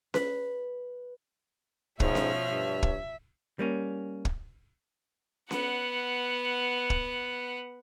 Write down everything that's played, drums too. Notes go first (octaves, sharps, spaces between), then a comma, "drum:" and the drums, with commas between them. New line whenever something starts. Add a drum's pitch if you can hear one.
B4, drum: snare C#4
G#2 B2 F3 C#5 E5 F6, drum: kick
drum: snare C#4
G2
drum: kick
G3 A#3 C#4
drum: kick
B3 F#5, drum: snare C#4
drum: kick